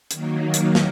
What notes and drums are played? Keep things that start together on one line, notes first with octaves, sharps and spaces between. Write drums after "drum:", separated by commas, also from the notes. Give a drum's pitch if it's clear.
D#3 F#3 A#3, drum: hi-hat
drum: hi-hat
drum: snare